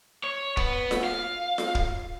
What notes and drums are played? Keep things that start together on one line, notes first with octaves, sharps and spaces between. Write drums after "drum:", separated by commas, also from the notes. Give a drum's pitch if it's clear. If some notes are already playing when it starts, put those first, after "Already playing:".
C#5
B3, drum: kick
drum: snare F4
F5
drum: snare F4
drum: kick